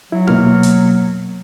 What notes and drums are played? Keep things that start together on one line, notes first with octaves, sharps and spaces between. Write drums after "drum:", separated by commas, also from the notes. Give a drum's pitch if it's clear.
F#3 E4
B2 A#3 F6, drum: tom D#4
drum: hi-hat